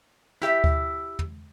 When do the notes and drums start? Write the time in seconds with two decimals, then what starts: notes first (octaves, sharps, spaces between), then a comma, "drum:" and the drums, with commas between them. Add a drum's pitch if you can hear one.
0.41 E4 G4 E5, drum: snare
0.64 drum: kick D2
1.19 drum: tom